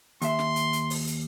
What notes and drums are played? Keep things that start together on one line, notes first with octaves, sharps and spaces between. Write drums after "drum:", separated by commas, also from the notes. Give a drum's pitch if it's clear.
D#2 E5 C6, drum: hi-hat
drum: snare
drum: hi-hat
drum: hi-hat
drum: open hi-hat
drum: hi-hat